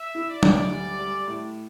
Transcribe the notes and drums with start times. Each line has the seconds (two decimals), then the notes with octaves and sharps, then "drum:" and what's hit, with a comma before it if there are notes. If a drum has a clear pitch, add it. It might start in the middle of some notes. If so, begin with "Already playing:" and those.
Already playing: E5
0.15 E4
0.29 D5
0.43 D2, drum: tom F#3
0.71 G3
0.99 G3
1.27 A2